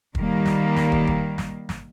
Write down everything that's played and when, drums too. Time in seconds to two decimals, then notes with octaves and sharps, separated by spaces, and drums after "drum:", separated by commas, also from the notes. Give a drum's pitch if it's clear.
0.15 D#3 G3 A#3, drum: kick
0.46 drum: snare
0.76 drum: snare
0.92 drum: kick
1.07 drum: kick
1.38 drum: snare
1.69 drum: snare